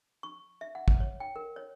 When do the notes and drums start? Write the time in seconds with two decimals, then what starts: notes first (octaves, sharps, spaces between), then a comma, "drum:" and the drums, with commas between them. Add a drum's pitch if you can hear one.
0.23 C#6
0.61 E5
0.75 F#5
0.88 drum: kick
1.00 C#5
1.20 G5
1.36 A#4
1.56 C#5